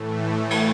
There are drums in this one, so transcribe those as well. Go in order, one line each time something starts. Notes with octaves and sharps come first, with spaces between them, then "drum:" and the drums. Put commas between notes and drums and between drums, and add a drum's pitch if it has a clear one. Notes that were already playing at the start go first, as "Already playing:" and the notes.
Already playing: A2 E3 A3
drum: cymbal